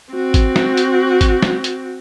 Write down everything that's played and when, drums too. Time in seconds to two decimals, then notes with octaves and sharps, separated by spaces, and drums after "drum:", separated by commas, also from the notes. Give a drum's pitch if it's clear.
0.12 C4 F#4
0.34 drum: kick G#1, hi-hat
0.56 drum: snare
0.77 drum: hi-hat
1.21 drum: kick G#1, hi-hat
1.42 drum: snare
1.64 drum: hi-hat